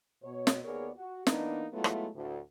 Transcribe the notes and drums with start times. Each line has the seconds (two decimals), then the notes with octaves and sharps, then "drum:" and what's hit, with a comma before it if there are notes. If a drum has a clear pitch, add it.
0.23 B2 C#5
0.47 drum: snare
0.64 D#2 B3 G#4 A#4 C#5 D5
0.96 F#4
1.27 E3 A#3 B3 D4 D#4, drum: snare
1.73 F#3 G#3 A3 B3 E4 F4
1.84 drum: rim click
2.15 D2 A2